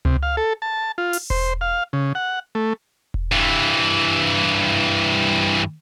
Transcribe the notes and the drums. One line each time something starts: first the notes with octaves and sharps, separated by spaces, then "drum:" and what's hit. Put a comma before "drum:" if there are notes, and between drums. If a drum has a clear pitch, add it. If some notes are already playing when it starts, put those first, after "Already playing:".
C3, drum: tom C#2
F5
A4
A5
F4
drum: open hi-hat
C5, drum: kick E1
F5
C#3
F#5
A3
drum: kick E1
G2 E3